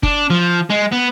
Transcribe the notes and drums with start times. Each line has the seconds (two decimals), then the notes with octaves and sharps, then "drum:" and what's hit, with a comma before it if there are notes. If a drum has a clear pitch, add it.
0.03 D4, drum: kick F#1
0.30 F3
0.70 G#3
0.92 B3